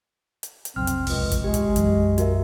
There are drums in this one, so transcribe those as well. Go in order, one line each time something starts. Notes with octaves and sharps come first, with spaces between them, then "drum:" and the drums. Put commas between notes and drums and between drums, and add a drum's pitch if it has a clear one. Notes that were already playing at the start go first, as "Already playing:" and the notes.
drum: hi-hat
drum: hi-hat
F1 B1 C4 F6
drum: hi-hat
C#2, drum: open hi-hat
drum: kick, hi-hat
G#3 G4
drum: kick, hi-hat
B1 F#2 E3, drum: hi-hat
F#4 A#4 E5, drum: hi-hat